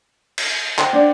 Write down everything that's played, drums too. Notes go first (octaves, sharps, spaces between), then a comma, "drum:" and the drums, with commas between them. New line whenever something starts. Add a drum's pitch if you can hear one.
drum: cymbal
C5 F#5 G5, drum: clap
D4 D5